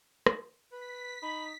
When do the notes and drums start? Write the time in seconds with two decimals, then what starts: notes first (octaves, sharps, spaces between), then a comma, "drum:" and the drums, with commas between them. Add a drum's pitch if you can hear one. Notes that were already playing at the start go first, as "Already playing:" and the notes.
0.26 drum: rim click
0.72 B4 B6
1.22 D#4 B5